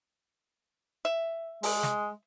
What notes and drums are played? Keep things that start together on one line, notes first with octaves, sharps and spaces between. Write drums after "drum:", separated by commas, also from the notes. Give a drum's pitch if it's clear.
E5
G#3, drum: open hi-hat
drum: snare